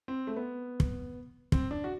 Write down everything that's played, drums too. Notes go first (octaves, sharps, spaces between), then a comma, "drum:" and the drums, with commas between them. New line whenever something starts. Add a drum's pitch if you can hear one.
C4
A3
B3
drum: kick
C4, drum: kick
D4
F#4